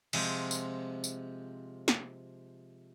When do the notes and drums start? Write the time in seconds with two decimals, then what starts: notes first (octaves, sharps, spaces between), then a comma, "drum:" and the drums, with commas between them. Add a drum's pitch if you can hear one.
0.13 C3 F3 G#3, drum: cymbal
0.51 drum: tambourine
1.04 drum: tambourine
1.88 drum: snare